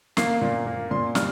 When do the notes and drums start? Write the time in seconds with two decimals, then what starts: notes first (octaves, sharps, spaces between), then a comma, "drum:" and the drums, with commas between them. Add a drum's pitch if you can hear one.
0.17 A#3 C7, drum: snare
0.41 A#2
0.66 A#3
0.91 A#2 C6
1.15 G3 F6, drum: snare